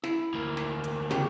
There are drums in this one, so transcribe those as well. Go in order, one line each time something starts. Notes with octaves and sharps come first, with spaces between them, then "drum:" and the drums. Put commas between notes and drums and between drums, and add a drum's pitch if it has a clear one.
E4, drum: snare
D2 A#3
drum: snare
drum: hi-hat
E2 C#3 G4, drum: snare